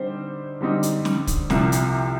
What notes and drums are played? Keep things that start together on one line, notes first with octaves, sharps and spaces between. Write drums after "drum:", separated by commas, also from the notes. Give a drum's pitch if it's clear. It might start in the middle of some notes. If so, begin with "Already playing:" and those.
Already playing: D3 G3 C4 D#4 C5
D3 G3 C4 D#4
drum: hi-hat
drum: snare
drum: kick, hi-hat
C2 C3 F3, drum: snare
drum: hi-hat